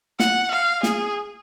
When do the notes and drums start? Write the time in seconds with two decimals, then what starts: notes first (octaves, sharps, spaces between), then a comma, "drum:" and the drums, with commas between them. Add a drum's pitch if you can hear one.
0.20 F#5, drum: snare
0.51 F5
0.83 G#4, drum: snare